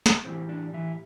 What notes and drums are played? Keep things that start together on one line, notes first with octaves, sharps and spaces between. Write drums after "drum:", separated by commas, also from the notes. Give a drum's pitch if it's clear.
drum: snare
A2 E3 G3 C4
D4
E3 E4